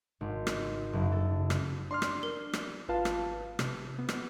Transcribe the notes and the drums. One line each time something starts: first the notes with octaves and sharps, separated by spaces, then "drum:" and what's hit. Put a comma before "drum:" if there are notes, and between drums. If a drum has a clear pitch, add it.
G#1
drum: rim click
F#1
A4
drum: rim click
D4 D5 C6 F6 C7
drum: rim click
A#4
drum: rim click
G#1 F4 B4 F5 A5
drum: rim click
C3, drum: rim click
B3
drum: rim click